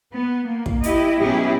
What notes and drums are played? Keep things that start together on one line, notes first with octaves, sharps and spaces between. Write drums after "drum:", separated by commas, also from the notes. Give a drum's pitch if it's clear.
B3
A#3
drum: kick
E4 G4 D#5, drum: hi-hat
B2 F#3 C#4 E4 G4 G#4